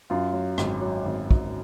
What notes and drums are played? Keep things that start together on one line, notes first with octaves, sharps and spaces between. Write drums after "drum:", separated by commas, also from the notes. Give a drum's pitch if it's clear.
F#2 F4
F#3
G#1, drum: rim click
F#3
G#1
G#1, drum: kick